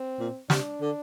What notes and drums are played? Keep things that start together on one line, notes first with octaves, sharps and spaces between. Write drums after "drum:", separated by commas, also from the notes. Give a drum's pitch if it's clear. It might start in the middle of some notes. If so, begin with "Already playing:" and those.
Already playing: C4
A#2
C3 D4, drum: snare
D3